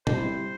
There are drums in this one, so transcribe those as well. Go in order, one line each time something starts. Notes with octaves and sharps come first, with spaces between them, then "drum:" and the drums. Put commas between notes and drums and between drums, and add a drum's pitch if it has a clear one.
G3 C4 E4 C5, drum: tom